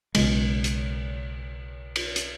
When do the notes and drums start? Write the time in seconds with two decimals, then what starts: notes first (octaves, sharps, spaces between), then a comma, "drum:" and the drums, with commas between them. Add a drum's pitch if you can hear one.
0.15 B1 C#3 G#3, drum: cymbal
0.64 drum: hi-hat
1.96 drum: cymbal
2.16 drum: hi-hat